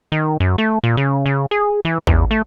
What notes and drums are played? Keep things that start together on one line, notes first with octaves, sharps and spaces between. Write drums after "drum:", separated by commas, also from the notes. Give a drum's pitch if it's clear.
D#3
F#2
A3
A#2
C#3
C#3
G#4
E3
E2, drum: kick A1
A3